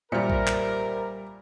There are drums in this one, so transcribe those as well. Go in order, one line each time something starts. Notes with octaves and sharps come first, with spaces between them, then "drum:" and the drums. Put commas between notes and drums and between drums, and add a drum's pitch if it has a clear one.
A#2 G3 A#4 C5 D5 E5 C#7
drum: kick A#1
drum: clap